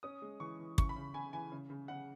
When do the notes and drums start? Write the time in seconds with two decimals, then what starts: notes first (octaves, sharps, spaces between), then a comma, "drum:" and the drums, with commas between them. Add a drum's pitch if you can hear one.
0.03 C#4 D#6
0.22 G#3
0.40 E3 C#6
0.60 E3
0.78 C#3 C#6, drum: kick
0.89 B5
0.96 C#3
1.14 C#3 G#5
1.33 E3 G#5
1.52 C#3
1.70 C#3
1.88 C#3 F#5